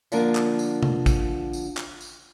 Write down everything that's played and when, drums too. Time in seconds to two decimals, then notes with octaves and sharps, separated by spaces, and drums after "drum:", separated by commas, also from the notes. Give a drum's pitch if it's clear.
0.12 D3 F3 A#3 D4, drum: tambourine
0.35 drum: clap
0.59 drum: tambourine
0.83 drum: tom C3
1.06 drum: kick, tambourine
1.53 drum: tambourine
1.77 drum: clap
2.01 drum: tambourine